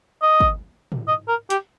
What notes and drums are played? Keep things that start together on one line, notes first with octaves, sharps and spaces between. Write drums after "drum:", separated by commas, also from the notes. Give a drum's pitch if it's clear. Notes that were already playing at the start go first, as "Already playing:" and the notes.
D#5
drum: kick
drum: tom
D#5
A#4
G4, drum: hi-hat